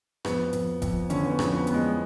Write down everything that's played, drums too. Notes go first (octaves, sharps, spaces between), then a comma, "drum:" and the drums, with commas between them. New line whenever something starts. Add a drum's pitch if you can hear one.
F2 B3, drum: rim click
F2, drum: hi-hat
F2, drum: kick E1, hi-hat
D3 C#4, drum: hi-hat
B3
C#4
F2, drum: rim click
B3
B3, drum: hi-hat
G#3